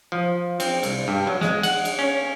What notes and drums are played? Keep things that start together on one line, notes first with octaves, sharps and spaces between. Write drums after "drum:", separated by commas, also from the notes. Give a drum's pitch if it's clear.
F3
C4, drum: cymbal
C2, drum: cymbal
G2
F#3
G#3, drum: snare
F#5, drum: cymbal
drum: cymbal
C#4